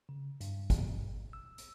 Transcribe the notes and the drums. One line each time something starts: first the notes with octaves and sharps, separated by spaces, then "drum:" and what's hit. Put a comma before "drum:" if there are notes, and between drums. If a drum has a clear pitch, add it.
C#3
G2, drum: hi-hat
drum: kick, hi-hat
E6
drum: hi-hat